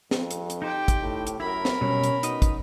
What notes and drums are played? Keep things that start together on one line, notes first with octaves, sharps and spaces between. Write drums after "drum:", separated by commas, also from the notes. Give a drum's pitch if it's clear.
F2, drum: snare
drum: hi-hat
drum: hi-hat
D#4 G4 C5 G5
drum: kick, hi-hat
A2
drum: hi-hat
F#2 E4 A#4 B5
drum: snare
B2 F#3 G3 C#4
drum: hi-hat
B2 D#4 D#5, drum: hi-hat
drum: kick, hi-hat